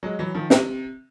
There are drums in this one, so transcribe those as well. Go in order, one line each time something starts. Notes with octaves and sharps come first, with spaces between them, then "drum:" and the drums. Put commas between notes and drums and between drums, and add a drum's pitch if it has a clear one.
F#3 G#3
E3 F#3
D#3 F3
C3, drum: snare